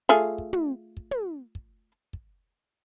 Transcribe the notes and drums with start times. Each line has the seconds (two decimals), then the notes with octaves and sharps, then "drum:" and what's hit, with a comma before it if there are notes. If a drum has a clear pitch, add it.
0.09 A3 F4 G#4
0.38 drum: kick
0.53 drum: tom
0.97 drum: kick
1.11 drum: tom
1.55 drum: kick
2.13 drum: kick